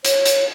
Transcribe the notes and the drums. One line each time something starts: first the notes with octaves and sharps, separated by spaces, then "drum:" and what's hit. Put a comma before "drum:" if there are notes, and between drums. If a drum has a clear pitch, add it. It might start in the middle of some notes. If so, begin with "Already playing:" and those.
C#5, drum: hi-hat
drum: hi-hat